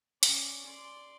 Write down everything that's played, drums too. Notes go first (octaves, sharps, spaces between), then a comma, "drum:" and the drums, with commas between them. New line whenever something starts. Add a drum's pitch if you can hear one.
C#4 D5, drum: hi-hat
D5 C6